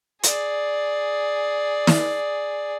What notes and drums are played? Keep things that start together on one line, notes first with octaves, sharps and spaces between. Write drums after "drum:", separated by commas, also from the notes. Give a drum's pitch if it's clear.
G#4 D5, drum: hi-hat
drum: snare